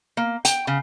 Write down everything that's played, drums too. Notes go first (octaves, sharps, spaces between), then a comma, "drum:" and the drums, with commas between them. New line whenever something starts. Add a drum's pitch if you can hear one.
A#3
G5, drum: hi-hat
C#3